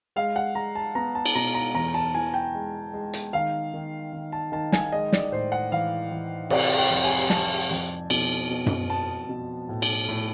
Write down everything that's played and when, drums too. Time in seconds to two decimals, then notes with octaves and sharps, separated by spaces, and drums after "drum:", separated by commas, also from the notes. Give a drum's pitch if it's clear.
0.16 G#3 F5
0.36 F#5
0.55 G#3 A#5
0.75 A5
0.95 B3 A#5
1.15 A5
1.25 drum: cymbal
1.35 B2 A#5
1.55 A#5
1.74 E2 A#5
1.94 A5
2.15 E3 G#5
2.34 G5
2.55 G#3
2.93 G#3
3.14 drum: hi-hat
3.33 D#3 F5
3.74 D#3
4.13 D#3
4.32 A5
4.52 D#3 A5
4.72 G#5, drum: snare
4.92 G#3 D#5
5.13 D5, drum: snare
5.32 A2 C5
5.52 F#5
5.72 E3 F5
6.12 E3
6.50 C3 D5, drum: cymbal
6.78 G5
6.90 F2
7.04 G#5
7.30 F2 A5, drum: snare
7.71 F2
8.10 B2, drum: cymbal
8.50 B2
8.66 drum: tom F#2
8.89 B3 A5
9.29 B2
9.69 A2
9.82 drum: cymbal
10.08 A2